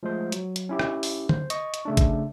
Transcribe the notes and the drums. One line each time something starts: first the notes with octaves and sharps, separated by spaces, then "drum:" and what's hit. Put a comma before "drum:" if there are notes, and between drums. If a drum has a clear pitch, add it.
F3 G#3 A3 C5
F#3, drum: hi-hat
drum: hi-hat
C#4 E4 G4
drum: rim click
drum: open hi-hat
C5, drum: tom D3
D#5 C#6, drum: hi-hat
drum: hi-hat
C#3 A3 D4
drum: kick, hi-hat